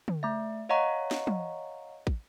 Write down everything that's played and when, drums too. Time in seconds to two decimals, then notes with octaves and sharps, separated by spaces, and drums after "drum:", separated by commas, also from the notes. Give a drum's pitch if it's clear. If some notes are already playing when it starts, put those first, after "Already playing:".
0.08 drum: tom
0.23 A3 E5
0.69 C#5 D#5 F5 F#5 A#5 C#6
1.11 drum: snare
1.27 drum: tom
2.07 drum: kick